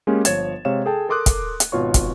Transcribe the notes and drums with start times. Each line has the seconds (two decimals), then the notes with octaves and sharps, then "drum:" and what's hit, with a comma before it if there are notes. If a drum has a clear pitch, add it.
0.07 G#3 A#3 C#4 G4 G#4
0.25 G1 F3 C#5 G#6 A6 E7, drum: hi-hat
0.65 C3 G#3 C#5 F5 E7
0.86 G#4 A4 G5 A5
1.09 A4 A#4 C6 D6 D#6 F#6
1.26 drum: kick, hi-hat
1.60 drum: hi-hat
1.72 G#1 B2 F4 C#5 C#6
1.94 drum: kick, hi-hat